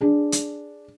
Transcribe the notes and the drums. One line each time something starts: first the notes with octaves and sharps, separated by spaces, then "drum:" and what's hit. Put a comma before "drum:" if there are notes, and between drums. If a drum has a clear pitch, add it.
D4 G#4
drum: hi-hat